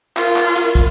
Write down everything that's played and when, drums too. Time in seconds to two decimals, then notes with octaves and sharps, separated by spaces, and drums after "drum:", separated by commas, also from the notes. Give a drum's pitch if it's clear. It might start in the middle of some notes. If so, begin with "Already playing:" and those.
0.17 F4 A#4, drum: clap
0.36 drum: clap
0.56 drum: hi-hat
0.75 drum: kick, hi-hat